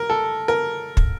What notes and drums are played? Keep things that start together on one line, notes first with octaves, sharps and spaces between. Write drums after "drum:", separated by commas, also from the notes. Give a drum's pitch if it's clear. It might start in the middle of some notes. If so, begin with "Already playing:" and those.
Already playing: A#4
A4
A#4
drum: kick